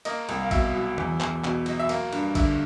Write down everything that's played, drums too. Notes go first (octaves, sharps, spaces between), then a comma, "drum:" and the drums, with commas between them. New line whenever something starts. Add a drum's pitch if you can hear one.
A#3 D#5, drum: cymbal
C2, drum: cymbal
F5
B2 E5, drum: kick A#1, cymbal
F#3
E2, drum: tom
E2, drum: clap
B2, drum: clap
F#3 D#5, drum: cymbal
E5
A#3 F5, drum: cymbal
G2, drum: cymbal
D3 E5, drum: kick A#1, cymbal